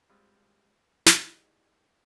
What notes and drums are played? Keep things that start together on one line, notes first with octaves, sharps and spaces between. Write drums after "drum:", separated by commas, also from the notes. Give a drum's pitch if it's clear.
G3 G#3 C4 F4
D#4 E4 G4 G#4 D5 D#5, drum: snare